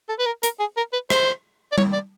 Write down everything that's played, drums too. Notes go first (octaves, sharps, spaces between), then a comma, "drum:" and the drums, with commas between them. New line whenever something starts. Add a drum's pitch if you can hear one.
A4
B4
A#4
A#4, drum: hi-hat
G#4
A#4
B4
C5, drum: rim click
D5
C#5, drum: tom G3
D5